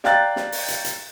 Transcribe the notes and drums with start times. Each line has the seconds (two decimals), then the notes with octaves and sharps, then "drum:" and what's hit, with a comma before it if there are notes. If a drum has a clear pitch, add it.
0.04 D5 F5 G5 A#5 F#6 A6, drum: snare
0.36 drum: snare
0.52 drum: open hi-hat
0.68 drum: hi-hat
0.85 drum: hi-hat